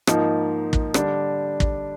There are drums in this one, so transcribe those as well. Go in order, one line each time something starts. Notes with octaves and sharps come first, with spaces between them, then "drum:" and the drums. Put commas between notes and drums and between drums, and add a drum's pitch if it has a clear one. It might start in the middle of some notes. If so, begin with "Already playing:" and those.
G#2 F3 A#3 D#4, drum: rim click
drum: kick
D3 G3 D4, drum: rim click
drum: kick